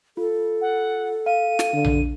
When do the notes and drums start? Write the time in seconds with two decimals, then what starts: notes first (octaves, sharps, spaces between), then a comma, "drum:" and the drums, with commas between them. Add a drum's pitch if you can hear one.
0.17 F4 A4
0.61 F#5
1.26 F5 D#7
1.59 drum: snare
1.73 D3
1.84 drum: tom A#1